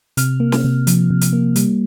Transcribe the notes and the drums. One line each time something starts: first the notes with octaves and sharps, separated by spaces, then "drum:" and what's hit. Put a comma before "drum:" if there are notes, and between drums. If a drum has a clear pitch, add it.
C3 F6, drum: hi-hat
A#3
drum: snare
C3
F3, drum: hi-hat
C3
drum: hi-hat
A#3
G3, drum: hi-hat